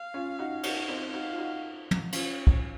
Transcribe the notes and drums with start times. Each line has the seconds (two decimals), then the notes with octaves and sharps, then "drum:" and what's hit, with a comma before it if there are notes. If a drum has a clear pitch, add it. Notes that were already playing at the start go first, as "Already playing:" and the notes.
Already playing: F5
0.14 C#4 F4
0.39 D#4 F#4
0.63 D#4 F#4, drum: cymbal
0.89 C4 D#4
1.13 D#4 F#4 F5
1.29 F4
1.38 D#4 F#4
1.91 drum: tom
2.12 C#4 F4 C#5, drum: cymbal
2.47 drum: kick